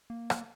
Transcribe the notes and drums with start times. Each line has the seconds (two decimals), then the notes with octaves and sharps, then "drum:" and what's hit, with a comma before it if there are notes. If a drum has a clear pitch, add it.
0.10 A#3
0.30 drum: rim click